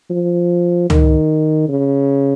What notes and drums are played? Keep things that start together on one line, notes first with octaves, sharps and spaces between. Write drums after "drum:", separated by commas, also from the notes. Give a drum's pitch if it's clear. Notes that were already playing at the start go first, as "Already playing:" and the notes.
F3
D#3, drum: tom C#2
C#3